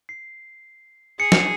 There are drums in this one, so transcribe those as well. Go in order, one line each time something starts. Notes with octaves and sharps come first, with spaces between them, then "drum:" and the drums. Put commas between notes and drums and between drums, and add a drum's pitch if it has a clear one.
C7
G#4 C#7
drum: snare